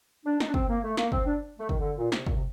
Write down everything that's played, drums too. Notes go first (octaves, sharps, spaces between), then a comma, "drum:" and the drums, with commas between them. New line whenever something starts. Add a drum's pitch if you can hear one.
D4
D#4, drum: snare
D4
C4, drum: kick
A#3
A3
A#3, drum: snare
C4, drum: kick
D4
A3
D#3, drum: kick
D3
A#2
C3, drum: snare
A#2, drum: kick
C3